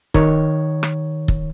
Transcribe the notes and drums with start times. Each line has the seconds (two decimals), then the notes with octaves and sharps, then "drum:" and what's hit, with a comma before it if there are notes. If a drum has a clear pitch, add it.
0.14 D#3 C#5, drum: kick
0.83 drum: rim click
1.28 drum: kick